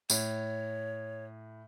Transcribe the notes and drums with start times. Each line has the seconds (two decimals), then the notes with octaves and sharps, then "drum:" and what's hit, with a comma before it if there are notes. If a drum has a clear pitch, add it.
0.10 A2 C#5, drum: tambourine